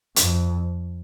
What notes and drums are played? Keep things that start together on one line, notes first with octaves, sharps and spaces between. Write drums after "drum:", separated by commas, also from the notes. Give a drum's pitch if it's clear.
F2, drum: hi-hat